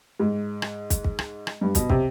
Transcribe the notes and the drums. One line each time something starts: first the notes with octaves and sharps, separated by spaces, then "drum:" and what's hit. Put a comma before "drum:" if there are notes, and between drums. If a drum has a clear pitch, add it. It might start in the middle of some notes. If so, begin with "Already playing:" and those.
G#2
drum: rim click
drum: kick, hi-hat
drum: kick
drum: rim click
drum: rim click
G2
B2, drum: kick, hi-hat
C3, drum: kick